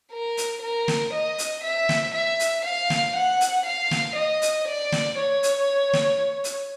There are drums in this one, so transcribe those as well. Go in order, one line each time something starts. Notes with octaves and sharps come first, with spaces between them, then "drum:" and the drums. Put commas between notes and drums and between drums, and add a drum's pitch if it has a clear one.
A#4
drum: hi-hat
A#4
drum: snare
D#5
drum: hi-hat
E5
drum: snare
E5
drum: hi-hat
F5
drum: snare
F#5
drum: hi-hat
F5
drum: snare
D#5
drum: hi-hat
D5
drum: snare
C#5
drum: hi-hat
drum: snare
drum: hi-hat